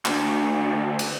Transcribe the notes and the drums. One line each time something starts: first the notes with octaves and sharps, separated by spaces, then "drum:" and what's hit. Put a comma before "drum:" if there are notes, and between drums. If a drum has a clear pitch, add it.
D2 D3, drum: clap
drum: cymbal